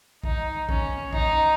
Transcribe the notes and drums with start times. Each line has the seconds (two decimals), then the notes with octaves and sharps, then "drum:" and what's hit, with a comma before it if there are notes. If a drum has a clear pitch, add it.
0.24 D#4, drum: kick
0.69 C#4, drum: kick
1.13 D#4, drum: kick